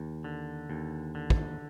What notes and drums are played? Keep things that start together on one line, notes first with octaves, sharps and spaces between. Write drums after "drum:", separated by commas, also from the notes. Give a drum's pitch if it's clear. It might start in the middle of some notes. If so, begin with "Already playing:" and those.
Already playing: D#2
D3
D#2
D3
drum: kick